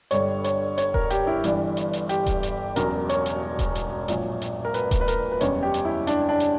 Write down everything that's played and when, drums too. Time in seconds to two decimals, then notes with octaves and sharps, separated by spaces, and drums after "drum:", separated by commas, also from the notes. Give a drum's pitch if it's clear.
0.11 G1 G2 D3 G3 C#5, drum: hi-hat
0.44 C#5, drum: hi-hat
0.78 C#5, drum: hi-hat
0.94 A#4, drum: kick D#1
1.10 G4, drum: hi-hat
1.27 E4
1.44 G1 G2 E3 G3, drum: hi-hat
1.77 drum: hi-hat
1.93 drum: hi-hat
2.09 G4, drum: hi-hat
2.26 drum: kick D#1, hi-hat
2.43 drum: hi-hat
2.76 E1 E2 C#3 F#3 A#4, drum: hi-hat
3.09 C#5, drum: hi-hat
3.26 drum: hi-hat
3.59 drum: kick D#1, hi-hat
3.75 drum: hi-hat
4.08 A#1 A#2 F#3, drum: hi-hat
4.42 drum: hi-hat
4.65 A#4
4.74 B4, drum: hi-hat
4.91 drum: kick D#1, hi-hat
5.01 B4
5.08 A#4, drum: hi-hat
5.32 B4
5.41 F#1 E2 C#3 G3 C#5, drum: hi-hat
5.63 G4
5.74 drum: hi-hat
5.85 E4
6.07 D4, drum: hi-hat
6.29 D4
6.40 drum: hi-hat